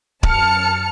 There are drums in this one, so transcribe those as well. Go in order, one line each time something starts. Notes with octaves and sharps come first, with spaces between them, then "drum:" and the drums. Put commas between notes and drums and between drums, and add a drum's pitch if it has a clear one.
F#2 A5 F6 C#7, drum: kick D1